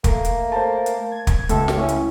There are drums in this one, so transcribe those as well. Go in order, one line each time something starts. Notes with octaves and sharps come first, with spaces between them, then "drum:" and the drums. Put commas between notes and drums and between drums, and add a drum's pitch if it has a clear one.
A3 A#3, drum: kick, hi-hat
drum: hi-hat
C5 A5
drum: hi-hat
G#6
drum: kick, hi-hat
C#2 A3 A4, drum: hi-hat
drum: snare
C#4 E4
drum: hi-hat